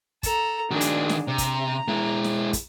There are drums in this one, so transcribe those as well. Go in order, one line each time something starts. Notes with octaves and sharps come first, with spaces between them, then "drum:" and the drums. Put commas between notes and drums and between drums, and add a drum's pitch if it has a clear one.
A4 A#5, drum: kick, hi-hat
D#3 D4 F#4 G#4
drum: hi-hat
drum: snare
C3 A#5
drum: kick, hi-hat
G#3 E4
drum: snare
drum: kick, hi-hat